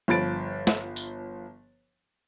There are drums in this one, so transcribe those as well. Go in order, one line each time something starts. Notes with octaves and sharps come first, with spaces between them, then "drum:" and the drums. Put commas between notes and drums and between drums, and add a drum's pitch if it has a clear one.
G1 F3 B5 A6 D7
drum: snare
drum: tambourine